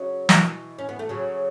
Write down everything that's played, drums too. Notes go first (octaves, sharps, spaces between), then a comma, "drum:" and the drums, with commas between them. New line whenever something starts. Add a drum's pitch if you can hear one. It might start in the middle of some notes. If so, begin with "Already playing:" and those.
Already playing: C#3 F#3
B2 E3, drum: snare
C#4
B3
A3
C#3 F#3